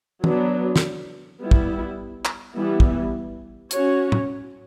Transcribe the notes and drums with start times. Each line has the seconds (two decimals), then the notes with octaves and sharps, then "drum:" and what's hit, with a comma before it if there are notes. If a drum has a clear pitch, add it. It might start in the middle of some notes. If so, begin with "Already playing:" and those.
0.24 F#3 B3 D4, drum: tom
0.76 drum: snare
1.40 G3 B3 E4
1.51 drum: kick
2.25 drum: clap
2.55 E3 G3 B3 E4
2.80 drum: kick
3.71 C#4 F#4 C#5, drum: hi-hat
4.12 drum: tom A2